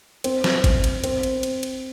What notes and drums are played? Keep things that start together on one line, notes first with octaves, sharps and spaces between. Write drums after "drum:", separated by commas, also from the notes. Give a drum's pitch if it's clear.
C4, drum: cymbal
drum: snare
drum: kick G1, cymbal
drum: cymbal
C4, drum: cymbal
drum: cymbal
drum: cymbal
drum: cymbal